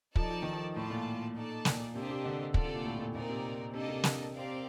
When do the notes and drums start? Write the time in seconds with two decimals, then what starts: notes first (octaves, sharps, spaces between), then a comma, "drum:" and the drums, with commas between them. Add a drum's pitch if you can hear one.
0.16 F3 D#4 A4 D5 A5, drum: kick
0.30 F3
0.42 D#3
0.53 F3
0.75 A2 F4 A4 D5 A5
0.90 A#2
1.35 D#4 A4 D5 A5
1.65 A#2, drum: snare
1.95 C3 A#3 D4 G4 C5 D#5
2.10 C3
2.25 D3
2.54 D3 F4 A4 D5, drum: kick
2.65 C3
2.75 A#2
2.84 A2
2.99 A#2
3.14 A#2 C4 D#4 A#4 D5
3.29 C3
3.73 C3 A#3 D4 A4 D#5
3.89 C3
4.04 drum: snare
4.33 C4 G4 A#4 D5 F5